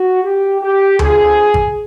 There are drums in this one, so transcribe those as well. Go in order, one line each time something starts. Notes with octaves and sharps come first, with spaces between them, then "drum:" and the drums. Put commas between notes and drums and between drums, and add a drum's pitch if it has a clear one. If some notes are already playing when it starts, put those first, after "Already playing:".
Already playing: F#4
G4
G4
F2 D3 F3 G#4, drum: tom D2
drum: kick G#1